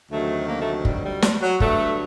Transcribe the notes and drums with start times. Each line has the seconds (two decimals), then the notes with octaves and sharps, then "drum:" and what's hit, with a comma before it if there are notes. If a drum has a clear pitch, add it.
0.11 D2 C3 D#3 F#3 A3
0.48 A#3
0.60 A3
0.85 G3, drum: kick
1.04 G3
1.22 G3, drum: snare
1.41 F#3
1.60 G2 D3 F#3 A3, drum: kick